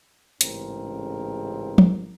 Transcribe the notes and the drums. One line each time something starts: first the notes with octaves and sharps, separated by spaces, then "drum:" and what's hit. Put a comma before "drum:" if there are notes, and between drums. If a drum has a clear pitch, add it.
A1 G#2 C#3 C4 A#4, drum: hi-hat
drum: tom